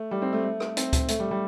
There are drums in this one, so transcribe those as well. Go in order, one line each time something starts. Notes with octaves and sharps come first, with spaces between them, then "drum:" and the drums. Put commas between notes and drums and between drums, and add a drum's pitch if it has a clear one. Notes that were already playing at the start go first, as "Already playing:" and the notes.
Already playing: A3
G3
C4
A3
A3
drum: rim click
C4, drum: hi-hat
drum: kick C#2, hi-hat
A3, drum: hi-hat
G3
G3